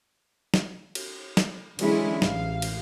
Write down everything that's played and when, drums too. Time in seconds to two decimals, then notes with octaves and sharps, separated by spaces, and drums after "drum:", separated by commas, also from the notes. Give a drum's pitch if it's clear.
0.54 drum: snare
0.95 drum: cymbal
1.37 drum: snare
1.79 D3 E3 F#3 G#3 C#4 E4, drum: cymbal
2.22 A1 F5, drum: snare
2.62 drum: cymbal